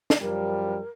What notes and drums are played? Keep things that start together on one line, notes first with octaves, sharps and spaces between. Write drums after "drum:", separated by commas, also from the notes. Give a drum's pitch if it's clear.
drum: snare
F#2 F3 G3 A#4